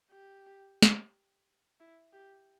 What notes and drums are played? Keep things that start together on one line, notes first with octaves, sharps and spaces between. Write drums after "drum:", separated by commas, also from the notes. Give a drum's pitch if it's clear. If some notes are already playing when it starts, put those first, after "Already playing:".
G4
drum: snare
E4
G4